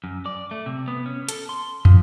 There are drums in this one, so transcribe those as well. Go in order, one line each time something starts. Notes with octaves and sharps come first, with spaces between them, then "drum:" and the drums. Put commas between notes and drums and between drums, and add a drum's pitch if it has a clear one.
F#2
D5
A3
C3
B3
C#4
A4, drum: hi-hat
C6
F3, drum: tom